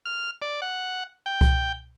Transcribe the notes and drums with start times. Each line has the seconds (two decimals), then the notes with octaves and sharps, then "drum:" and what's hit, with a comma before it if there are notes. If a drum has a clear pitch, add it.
0.06 F6
0.42 D5
0.62 F#5
1.26 G5
1.41 drum: kick C2